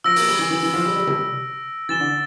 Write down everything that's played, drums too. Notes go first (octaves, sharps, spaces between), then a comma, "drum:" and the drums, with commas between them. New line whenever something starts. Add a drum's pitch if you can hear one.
F3 E6 A#6 D7
A#3, drum: open hi-hat
G3
E3
E3
E3
F3
G3
G3
drum: tom C3
E3 A6 E7 G7
D3